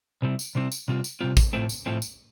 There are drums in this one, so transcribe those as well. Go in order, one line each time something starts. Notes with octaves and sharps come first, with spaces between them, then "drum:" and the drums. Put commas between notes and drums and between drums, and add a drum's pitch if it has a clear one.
C3 G3 C4 E4
drum: tambourine
C3 G3 C4 E4
drum: tambourine
C3 G3 C4 F4
drum: tambourine
C3 G3 C4 F4
drum: kick, tambourine
A2 F3 A3 C4
drum: tambourine
A2 F3 A3 C4
drum: tambourine